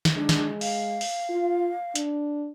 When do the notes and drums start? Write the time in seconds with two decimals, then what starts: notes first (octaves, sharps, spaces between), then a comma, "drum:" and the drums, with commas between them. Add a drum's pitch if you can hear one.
0.05 drum: snare
0.15 G#3 D4
0.29 drum: snare
0.61 F5, drum: open hi-hat
1.01 drum: open hi-hat
1.29 F4
1.95 D4, drum: hi-hat